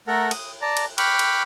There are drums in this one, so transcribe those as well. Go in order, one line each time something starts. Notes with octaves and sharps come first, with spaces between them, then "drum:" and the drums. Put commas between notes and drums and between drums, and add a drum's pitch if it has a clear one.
A3 A4 A#4 F#5 A#5
D#6, drum: cymbal
D5 A5 A#5
drum: cymbal
G5 B5 C#6 D6 F6 F#6, drum: cymbal
drum: cymbal